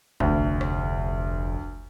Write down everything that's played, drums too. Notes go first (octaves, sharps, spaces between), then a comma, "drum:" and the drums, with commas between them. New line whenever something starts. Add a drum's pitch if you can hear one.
F1 D2, drum: kick
drum: rim click